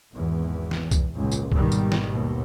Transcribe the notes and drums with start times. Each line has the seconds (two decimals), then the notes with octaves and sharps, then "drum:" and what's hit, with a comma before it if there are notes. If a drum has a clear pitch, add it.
0.12 G#1 E2
0.71 drum: snare
0.91 drum: kick C2, tambourine
1.14 G#1 C#2 A#2
1.32 drum: tambourine
1.52 G#1 D#2 B2 D#3 G3, drum: kick C2
1.72 drum: tambourine
1.92 drum: snare
2.08 D#2 B2